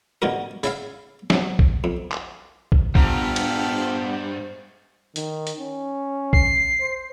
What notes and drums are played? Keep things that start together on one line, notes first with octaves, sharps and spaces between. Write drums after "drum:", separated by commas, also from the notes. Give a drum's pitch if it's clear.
A1 D3 D#4 F#4 A#4
C#3 E4 F5, drum: tambourine
C3 F#3, drum: snare
drum: kick A#1
F2
drum: clap
drum: kick A#1
G2 B3 F4 G4 A4 C5 A#5, drum: kick A#1
drum: cymbal
D#3, drum: hi-hat
drum: hi-hat
C#4
C7, drum: kick A#1
C5